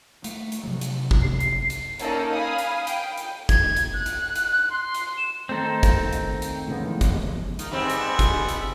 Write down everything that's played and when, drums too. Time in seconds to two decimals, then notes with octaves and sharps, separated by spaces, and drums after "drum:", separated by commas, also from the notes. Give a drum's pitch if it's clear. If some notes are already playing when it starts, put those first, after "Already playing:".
0.24 A3, drum: hi-hat
0.52 drum: hi-hat
0.64 C3 F3 F#3
0.81 drum: hi-hat
1.11 drum: kick
1.22 C7
1.40 drum: hi-hat
1.70 drum: hi-hat
1.99 A#3 C#4 D#4 A4 D5, drum: hi-hat
2.34 F5 G#5 B5 D#6
2.58 drum: hi-hat
2.87 G5, drum: hi-hat
3.17 drum: hi-hat
3.49 G#6, drum: kick, hi-hat
3.76 drum: hi-hat
3.94 F#6
4.06 drum: hi-hat
4.36 drum: hi-hat
4.70 C6
4.95 drum: hi-hat
5.18 E7
5.49 D#3 A3 C4 D#4 A4 C5
5.83 drum: kick, hi-hat
6.13 drum: hi-hat
6.42 drum: hi-hat
6.68 E2 A2 C#3 F3 G#3 B3
7.01 drum: kick, hi-hat
7.59 D#3, drum: hi-hat
7.72 G#2 G3 B3 C4 E5
7.90 drum: hi-hat
8.19 drum: kick, hi-hat
8.49 drum: hi-hat